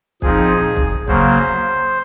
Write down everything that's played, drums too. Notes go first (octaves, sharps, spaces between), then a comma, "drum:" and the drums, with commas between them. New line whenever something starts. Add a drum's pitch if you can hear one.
A#2 F3 C4 D#4 G#4, drum: kick
drum: kick
C#3 F#3 A#3 C5, drum: kick